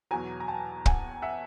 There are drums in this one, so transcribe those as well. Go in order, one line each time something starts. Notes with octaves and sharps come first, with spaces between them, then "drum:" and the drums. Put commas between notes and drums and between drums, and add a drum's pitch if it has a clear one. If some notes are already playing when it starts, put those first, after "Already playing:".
E2 B2 F#3 G#5 A#5
A#5
G5 A5
F#5 G#5, drum: kick
E5 F#5